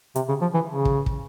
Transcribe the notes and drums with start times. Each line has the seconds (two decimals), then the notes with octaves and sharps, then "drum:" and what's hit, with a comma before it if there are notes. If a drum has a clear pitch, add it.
0.16 C3, drum: hi-hat
0.29 C#3
0.41 F3
0.54 E3
0.68 C#3
0.85 drum: kick
1.06 drum: kick